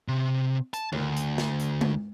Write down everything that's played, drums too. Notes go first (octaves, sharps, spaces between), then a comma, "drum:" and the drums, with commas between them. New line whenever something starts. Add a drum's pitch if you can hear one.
C3
A5, drum: hi-hat
D2, drum: tom C#3
drum: hi-hat
drum: snare
drum: hi-hat
drum: tom G#3